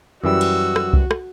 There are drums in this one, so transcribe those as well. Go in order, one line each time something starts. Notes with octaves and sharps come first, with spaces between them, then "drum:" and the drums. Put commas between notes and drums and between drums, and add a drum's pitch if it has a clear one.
F#2 E3 G3 F#4 E6
drum: cymbal
drum: rim click
drum: kick C2
drum: rim click